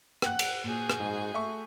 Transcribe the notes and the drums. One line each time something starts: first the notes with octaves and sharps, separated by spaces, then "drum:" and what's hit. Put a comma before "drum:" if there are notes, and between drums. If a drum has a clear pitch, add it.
F#5 G5 F#6, drum: rim click
drum: cymbal
A#2 F#4 G#4 G6
drum: rim click
G#2
A3 E5 C#6